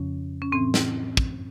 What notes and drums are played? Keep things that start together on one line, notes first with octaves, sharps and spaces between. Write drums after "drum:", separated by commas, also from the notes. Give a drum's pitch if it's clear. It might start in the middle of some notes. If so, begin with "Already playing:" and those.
Already playing: F2 C#3 F3 C#4
C#4
A2 E3 C4
drum: snare
drum: kick